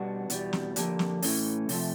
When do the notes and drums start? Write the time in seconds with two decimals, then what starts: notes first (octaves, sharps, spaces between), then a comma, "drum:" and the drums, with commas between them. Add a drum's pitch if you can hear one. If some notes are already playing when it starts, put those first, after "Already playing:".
Already playing: B2 G3 B3 D4 F#4
0.30 E2 B2 G3, drum: hi-hat
0.53 drum: snare
0.76 D3 F3 A#3 D4 G4, drum: hi-hat
0.99 drum: snare
1.22 A2 E3 A3 C#4, drum: open hi-hat
1.69 C3 F3 A3, drum: open hi-hat